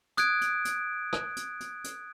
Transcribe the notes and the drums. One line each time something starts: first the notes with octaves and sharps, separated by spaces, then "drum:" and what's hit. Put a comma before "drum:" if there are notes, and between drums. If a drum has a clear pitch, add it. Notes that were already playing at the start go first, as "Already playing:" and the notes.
D#6 F#6 G#6 D7, drum: hi-hat
drum: hi-hat
drum: hi-hat
drum: rim click
drum: hi-hat
drum: hi-hat
drum: hi-hat